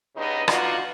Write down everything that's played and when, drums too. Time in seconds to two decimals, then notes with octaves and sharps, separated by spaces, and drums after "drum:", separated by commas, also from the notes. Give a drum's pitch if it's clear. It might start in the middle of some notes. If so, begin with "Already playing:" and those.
0.16 G2 C#3 B3 D#4 D#5
0.48 D3 B3 D#4 F4 F#4 D5, drum: rim click